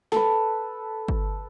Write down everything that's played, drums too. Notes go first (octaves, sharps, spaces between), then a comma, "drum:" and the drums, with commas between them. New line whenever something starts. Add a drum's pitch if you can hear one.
A4 B4, drum: snare
drum: kick G1